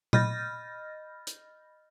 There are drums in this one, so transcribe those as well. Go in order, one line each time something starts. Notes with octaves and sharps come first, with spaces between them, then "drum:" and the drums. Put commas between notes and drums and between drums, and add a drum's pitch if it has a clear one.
D#5 B5 F6 G6 A6 A#6, drum: tom A#2
drum: hi-hat